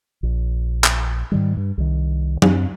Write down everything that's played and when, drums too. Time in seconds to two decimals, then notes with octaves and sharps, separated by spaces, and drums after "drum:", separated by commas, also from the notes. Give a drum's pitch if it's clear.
0.23 A#1
0.84 drum: clap
1.32 G#2 D#3 G3
1.57 G2
1.78 C2 D#3
2.42 F#2 C4, drum: tom F#3